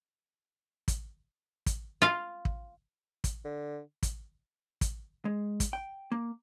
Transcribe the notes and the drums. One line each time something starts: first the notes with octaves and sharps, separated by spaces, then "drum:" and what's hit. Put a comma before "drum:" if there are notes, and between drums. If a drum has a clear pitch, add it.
drum: kick, hi-hat
drum: kick, hi-hat
F4 F5
drum: kick
drum: kick, hi-hat
D3
drum: kick, hi-hat
drum: kick, hi-hat
G#3
drum: kick, hi-hat
G5
A#3